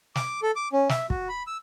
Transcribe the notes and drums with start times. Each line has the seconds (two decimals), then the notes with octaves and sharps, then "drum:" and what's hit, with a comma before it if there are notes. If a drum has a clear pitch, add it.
0.15 D6, drum: snare
0.42 A4
0.56 D6
0.73 C#4
0.89 E5, drum: snare
1.10 F#4, drum: kick
1.29 B5
1.47 E6